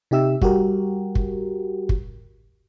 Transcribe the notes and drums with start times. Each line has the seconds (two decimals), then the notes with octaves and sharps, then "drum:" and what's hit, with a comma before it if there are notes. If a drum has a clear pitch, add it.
0.11 C3 D#4 G4 E5 E6
0.42 G3 F#4 G4 A#4, drum: kick
1.15 drum: kick
1.89 drum: kick